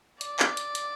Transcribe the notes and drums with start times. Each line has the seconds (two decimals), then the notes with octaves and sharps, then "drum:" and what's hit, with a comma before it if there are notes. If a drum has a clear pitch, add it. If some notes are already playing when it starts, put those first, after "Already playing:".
0.21 D5, drum: hi-hat
0.39 drum: clap
0.57 drum: hi-hat
0.75 drum: hi-hat